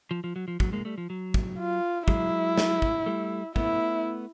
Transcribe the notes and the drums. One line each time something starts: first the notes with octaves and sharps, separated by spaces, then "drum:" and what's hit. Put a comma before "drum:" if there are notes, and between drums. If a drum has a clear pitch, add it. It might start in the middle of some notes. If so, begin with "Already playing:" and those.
F3
F3
F#3
F3
F#3, drum: kick
G#3 A#3
G3 A3
F3
F#3
drum: kick
F4
F#3 G#3 E4, drum: kick
drum: snare
drum: kick
G3 A3
A3 B3 E4, drum: kick